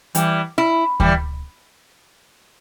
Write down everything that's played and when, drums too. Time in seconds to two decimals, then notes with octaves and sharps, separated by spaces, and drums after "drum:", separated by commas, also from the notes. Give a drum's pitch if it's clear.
0.15 E3 G3, drum: hi-hat
0.58 E4
1.00 E3 G3, drum: kick D2